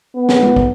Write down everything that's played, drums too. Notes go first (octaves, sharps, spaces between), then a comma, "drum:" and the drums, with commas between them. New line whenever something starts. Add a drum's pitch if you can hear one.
B3
drum: snare
drum: tom G#3
drum: kick